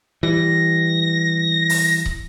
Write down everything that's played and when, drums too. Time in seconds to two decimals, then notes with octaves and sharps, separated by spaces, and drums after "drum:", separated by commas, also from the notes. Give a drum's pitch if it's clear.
0.23 E3 G3 A#6
1.70 drum: open hi-hat
2.06 drum: kick